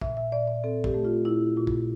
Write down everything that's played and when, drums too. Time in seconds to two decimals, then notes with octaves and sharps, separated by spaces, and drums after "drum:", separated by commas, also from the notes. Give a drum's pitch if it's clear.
0.01 A#2 E5, drum: kick
0.17 E5
0.32 A#2 D5
0.47 D5
0.64 C4 A4
0.84 G4, drum: kick
0.94 A3
1.04 F4
1.25 A#2 E4
1.56 A#2 F4
1.67 drum: kick